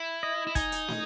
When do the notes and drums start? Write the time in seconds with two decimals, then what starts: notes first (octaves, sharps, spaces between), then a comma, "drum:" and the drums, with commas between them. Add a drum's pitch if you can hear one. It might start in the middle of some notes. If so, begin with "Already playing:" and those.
Already playing: E4
0.23 D#5
0.47 E4
0.55 D#4 G#5, drum: kick, hi-hat
0.72 drum: hi-hat
0.88 drum: snare